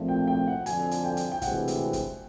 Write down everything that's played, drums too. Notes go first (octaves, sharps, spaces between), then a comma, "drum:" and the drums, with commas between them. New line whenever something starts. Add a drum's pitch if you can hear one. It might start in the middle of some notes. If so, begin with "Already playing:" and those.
Already playing: A#1 A#2 F3 A3 C4
G5
G5
F#5
F2 D3 F3 G#5, drum: hi-hat
drum: hi-hat
G5
drum: hi-hat
G5
D2 C3 E3 G#3 C4 F#5, drum: kick, hi-hat
drum: hi-hat
drum: kick, hi-hat